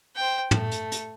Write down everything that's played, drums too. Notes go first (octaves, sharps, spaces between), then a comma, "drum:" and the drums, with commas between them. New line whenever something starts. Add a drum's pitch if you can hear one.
C5 G5
A3, drum: tom
drum: hi-hat
drum: hi-hat